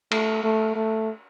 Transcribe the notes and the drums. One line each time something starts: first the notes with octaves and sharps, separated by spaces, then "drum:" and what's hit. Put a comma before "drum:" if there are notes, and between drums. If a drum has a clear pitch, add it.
A3, drum: cymbal
A3
A3